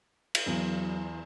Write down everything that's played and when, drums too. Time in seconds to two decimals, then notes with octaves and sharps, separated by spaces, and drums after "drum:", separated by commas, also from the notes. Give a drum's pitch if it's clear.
0.35 drum: cymbal
0.47 E2 F#3